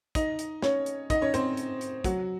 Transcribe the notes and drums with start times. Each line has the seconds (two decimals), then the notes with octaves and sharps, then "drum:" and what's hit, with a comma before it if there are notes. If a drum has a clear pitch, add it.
0.15 D#4 D#5, drum: kick, hi-hat
0.39 drum: hi-hat
0.62 C#4 C#5, drum: snare
0.86 drum: hi-hat
1.10 D#4 D#5, drum: kick, hi-hat
1.21 C#4 C#5
1.34 C4 C5, drum: hi-hat
1.57 drum: hi-hat
1.81 drum: hi-hat
2.04 F#3 F#4, drum: kick, hi-hat